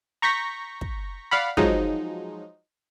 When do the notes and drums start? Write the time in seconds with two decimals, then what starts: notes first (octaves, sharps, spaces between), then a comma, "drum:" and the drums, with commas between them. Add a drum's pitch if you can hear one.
0.22 A#5 C#6 G6 A#6 B6
0.81 drum: kick
1.31 D5 F5 F#5 B5
1.57 F3 F#3 G#3 D#4, drum: kick